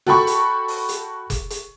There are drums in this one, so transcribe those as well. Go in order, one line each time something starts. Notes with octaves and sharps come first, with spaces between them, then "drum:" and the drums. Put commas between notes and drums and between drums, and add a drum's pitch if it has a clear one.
F#4 A4 G5 B5 C#6, drum: snare
drum: hi-hat
drum: open hi-hat
drum: hi-hat
drum: kick F1, hi-hat
drum: hi-hat